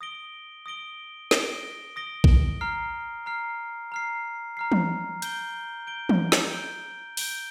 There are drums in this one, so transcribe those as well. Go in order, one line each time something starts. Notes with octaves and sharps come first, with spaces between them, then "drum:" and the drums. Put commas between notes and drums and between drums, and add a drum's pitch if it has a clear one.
D#6 A#6 D7 G7
D#6 A#6 D7 G7
D#6 A#6 D7 G7, drum: snare
D#6 A#6 D7 G7
drum: kick A#1
A#5 F6 C7
A#5 F6 C7
A#5 F6 C7
A#5 F6 C7
drum: tom E3
G6 D7 G7, drum: hi-hat
G6 D7 G7
drum: tom E3
drum: snare
G6 D7 G7
G6 D7 G7, drum: open hi-hat